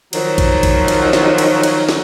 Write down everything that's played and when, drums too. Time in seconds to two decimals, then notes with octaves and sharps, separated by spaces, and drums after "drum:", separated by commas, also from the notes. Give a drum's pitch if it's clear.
0.13 D#3 F3 F#3, drum: cymbal
0.38 drum: kick A1, cymbal
0.63 drum: kick A1, cymbal
0.88 drum: cymbal
1.13 drum: snare
1.38 drum: cymbal
1.63 drum: cymbal
1.89 drum: snare